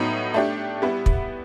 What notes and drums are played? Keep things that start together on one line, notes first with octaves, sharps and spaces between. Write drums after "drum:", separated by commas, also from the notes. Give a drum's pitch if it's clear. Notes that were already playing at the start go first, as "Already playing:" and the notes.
Already playing: A2 F#3 B3 D#4
A3 D4 G4
G3 B3 E4
drum: kick